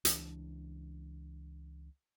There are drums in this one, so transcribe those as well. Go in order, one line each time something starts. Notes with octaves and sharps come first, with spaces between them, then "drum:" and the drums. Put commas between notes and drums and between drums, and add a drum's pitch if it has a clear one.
C#2 E3 D4, drum: hi-hat